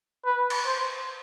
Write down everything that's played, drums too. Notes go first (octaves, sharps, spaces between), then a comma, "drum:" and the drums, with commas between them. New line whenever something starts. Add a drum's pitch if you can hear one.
B4
drum: cymbal
C5